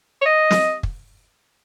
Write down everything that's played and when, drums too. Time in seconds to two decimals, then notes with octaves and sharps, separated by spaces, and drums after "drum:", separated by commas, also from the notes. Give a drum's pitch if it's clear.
0.21 C#5
0.26 D#5
0.51 drum: snare
0.83 drum: kick